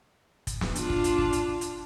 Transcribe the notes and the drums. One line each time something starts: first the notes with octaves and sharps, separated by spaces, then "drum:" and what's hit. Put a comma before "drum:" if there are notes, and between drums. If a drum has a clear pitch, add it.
drum: kick, hi-hat
drum: snare
D4 F4, drum: hi-hat
drum: kick
drum: hi-hat
drum: kick
drum: hi-hat
drum: hi-hat